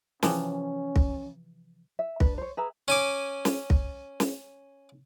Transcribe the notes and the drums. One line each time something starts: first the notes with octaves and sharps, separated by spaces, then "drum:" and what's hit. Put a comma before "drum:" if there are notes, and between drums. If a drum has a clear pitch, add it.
C3 E3 F3 C#4, drum: snare
drum: kick
E5
D4 B4, drum: kick
C5 C#5
G#4 B4 E5 A#5
C#4 G#5 D6
drum: snare
drum: kick
drum: snare